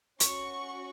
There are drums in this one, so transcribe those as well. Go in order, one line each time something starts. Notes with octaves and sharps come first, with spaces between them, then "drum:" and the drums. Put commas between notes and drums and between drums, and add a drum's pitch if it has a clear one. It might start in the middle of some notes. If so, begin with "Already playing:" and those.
C#4 F#4 C#6, drum: hi-hat